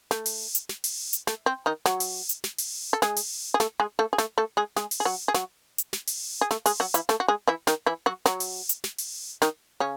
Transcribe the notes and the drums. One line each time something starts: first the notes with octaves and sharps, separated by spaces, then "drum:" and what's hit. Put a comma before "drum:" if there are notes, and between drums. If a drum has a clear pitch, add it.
A3, drum: snare
drum: open hi-hat
drum: hi-hat
drum: snare
drum: open hi-hat
drum: hi-hat
A3, drum: snare
C4
D#3 D#4
F#3 F#4, drum: snare
drum: open hi-hat
drum: hi-hat
drum: snare
drum: open hi-hat
A4
G#3 G#4, drum: snare
drum: open hi-hat
G#4
A3 A4, drum: snare
G#3 G#4
A3 A4
G#4
A3 A4, drum: snare
A3 A4
G#3 G#4
G#3 G#4, drum: snare
drum: open hi-hat
G#4
F#3 F#4
G#4
F#3 F#4, drum: snare
drum: hi-hat
drum: snare
drum: open hi-hat
G#4
A3 A4, drum: snare
G#3 G#4, drum: open hi-hat
F#3 F#4
E3 E4, drum: hi-hat
A3 A4, drum: snare
F#4
G#3 G#4
E3 E4
D#3 D#4, drum: snare
E3 E4
F#3 F#4
F#3 F#4, drum: snare
drum: open hi-hat
drum: hi-hat
drum: snare
drum: open hi-hat
D#3 D#4, drum: snare
C#3 C#4